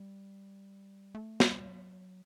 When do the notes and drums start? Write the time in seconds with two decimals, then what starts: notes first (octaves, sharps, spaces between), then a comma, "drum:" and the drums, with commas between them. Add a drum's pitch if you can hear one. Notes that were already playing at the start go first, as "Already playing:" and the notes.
Already playing: G3
1.15 A3
1.40 G3, drum: snare
1.67 F#3